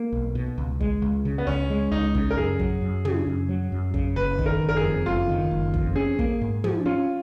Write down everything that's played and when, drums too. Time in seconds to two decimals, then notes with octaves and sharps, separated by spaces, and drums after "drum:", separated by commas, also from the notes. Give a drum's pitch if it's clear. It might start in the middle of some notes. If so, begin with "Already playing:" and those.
Already playing: A#3
0.13 B1
0.35 B2
0.58 C#2
0.80 G#3, drum: kick
1.02 C#2
1.25 C#3
1.38 B3
1.47 C#2 C#4
1.70 G#3
1.92 C#2 D#4
2.15 C#3, drum: kick
2.31 A#4
2.38 F#2 G#4
2.59 F#3, drum: kick
2.82 F#2
3.05 C#3, drum: tom
3.27 F#2
3.49 F#3
3.72 F#2
3.94 C#3, drum: kick
4.16 F#1 B4
4.38 D#3, drum: kick
4.46 A#4
4.62 F#1
4.69 A#4
4.77 G#4
4.84 F2
5.06 F#1 F4
5.29 D#3
5.51 F#1
5.74 F2, drum: kick
5.96 C#4 G#4
6.19 A#3, drum: kick
6.41 G#2
6.64 F3, drum: tom
6.85 C#4 F4